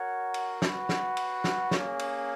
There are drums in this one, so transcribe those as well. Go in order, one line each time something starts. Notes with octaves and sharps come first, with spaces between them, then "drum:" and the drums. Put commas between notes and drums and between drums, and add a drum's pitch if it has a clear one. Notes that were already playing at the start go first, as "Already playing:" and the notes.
Already playing: F#4 A#4 C#5 F#5
drum: cymbal
F#4 B4 F#5, drum: snare
drum: snare
drum: cymbal
drum: snare
A#3 C#4 G#4 C#5, drum: snare
drum: cymbal